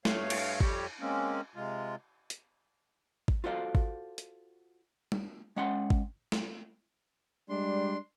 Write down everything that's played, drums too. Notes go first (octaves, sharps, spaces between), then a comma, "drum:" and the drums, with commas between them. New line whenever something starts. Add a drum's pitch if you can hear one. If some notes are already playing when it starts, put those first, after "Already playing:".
G2 A3 C#5 F5, drum: snare
drum: cymbal
F2 G3 G4 C#5, drum: kick G#1
G#3 A#3 C4 C#4
C3 G#3 F4
drum: hi-hat
drum: kick G#1
F4 F#4 A4 C5 D5 F5
drum: kick G#1
drum: hi-hat
drum: tom
G#3 C#4 F#5 G5 C6
drum: kick G#1
drum: snare
G3 G#3 D4 C6